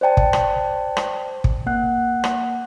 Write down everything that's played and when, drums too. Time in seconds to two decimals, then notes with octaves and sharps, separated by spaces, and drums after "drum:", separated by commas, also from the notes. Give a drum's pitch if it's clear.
0.01 C5 D5 G5 A5
0.17 drum: kick
0.33 drum: rim click
0.97 drum: rim click
1.44 drum: kick
1.66 A#3 F#5 F#6
2.24 drum: rim click